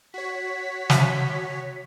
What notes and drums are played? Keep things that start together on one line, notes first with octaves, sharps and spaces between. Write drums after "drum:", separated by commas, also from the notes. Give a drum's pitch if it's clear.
F#4 C#5 B6
drum: snare